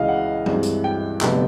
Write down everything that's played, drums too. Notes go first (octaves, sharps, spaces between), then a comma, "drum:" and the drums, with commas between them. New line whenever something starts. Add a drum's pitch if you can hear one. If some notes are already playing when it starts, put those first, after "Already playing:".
Already playing: C#2 C#3 E3 D#5 F5
F#5
G2 E3 G#3 C4, drum: tom F#3
drum: hi-hat
G5
F1 F2 D3 G3 B3, drum: clap